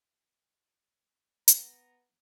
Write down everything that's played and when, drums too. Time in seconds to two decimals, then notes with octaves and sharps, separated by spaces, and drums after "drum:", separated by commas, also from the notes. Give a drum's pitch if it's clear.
1.48 G#2 E3 G3 B3 A#5, drum: hi-hat